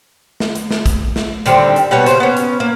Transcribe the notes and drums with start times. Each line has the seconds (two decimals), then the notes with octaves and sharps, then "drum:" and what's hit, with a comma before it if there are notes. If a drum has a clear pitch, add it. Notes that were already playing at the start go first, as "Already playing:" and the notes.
0.40 drum: snare
0.55 drum: hi-hat
0.71 drum: snare
0.86 drum: kick, hi-hat
1.16 drum: snare
1.46 D3 D#3 G3 C4, drum: hi-hat
1.76 drum: hi-hat
1.91 B2 G3 B3 C#5
2.06 C#3 E3 C5, drum: hi-hat
2.20 B3 C#4
2.37 drum: hi-hat
2.60 A#3